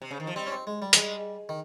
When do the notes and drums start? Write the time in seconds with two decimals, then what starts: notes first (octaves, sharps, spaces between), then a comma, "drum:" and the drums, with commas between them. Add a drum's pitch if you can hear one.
0.02 C3
0.11 C#3
0.20 D#3
0.27 F3
0.36 G3 C4
0.47 C#4
0.51 C4
0.67 G#3
0.82 G3
0.93 A#3, drum: hi-hat
0.97 G#3
1.49 D#3